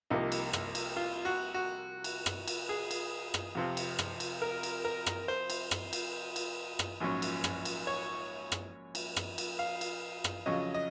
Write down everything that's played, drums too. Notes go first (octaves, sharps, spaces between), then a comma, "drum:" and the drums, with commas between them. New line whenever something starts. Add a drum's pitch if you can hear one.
C2 C3 F3 A#3 D#4
drum: cymbal
drum: rim click
drum: cymbal
F4
F#4
F#4
drum: cymbal
drum: rim click
drum: cymbal
G#4
drum: cymbal
drum: rim click
F2 C3 F3 C4
drum: cymbal
drum: rim click
drum: cymbal
A#4
drum: cymbal
A#4
drum: rim click
C5
drum: cymbal
drum: rim click
drum: cymbal
drum: cymbal
drum: rim click
A#1 G#2 F#3 C#4
drum: cymbal
drum: rim click
drum: cymbal
C#5
drum: rim click
drum: cymbal
drum: rim click
drum: cymbal
F5
drum: cymbal
drum: rim click
F2 C#3 F#3 C#4 D#5
D#5